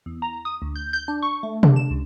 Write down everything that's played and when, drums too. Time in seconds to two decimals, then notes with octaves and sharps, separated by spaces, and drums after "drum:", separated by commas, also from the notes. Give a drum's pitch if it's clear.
0.06 E2
0.22 A#5
0.45 D#6
0.62 D2
0.76 G6
0.93 G6
1.08 D4
1.23 C#6
1.43 A3
1.63 D4, drum: tom C3
1.76 E7
1.91 C#2